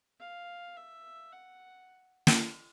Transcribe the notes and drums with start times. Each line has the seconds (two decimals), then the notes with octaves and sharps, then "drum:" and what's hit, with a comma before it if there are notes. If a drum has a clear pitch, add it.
0.20 F5
0.77 E5
1.33 F#5
2.27 drum: snare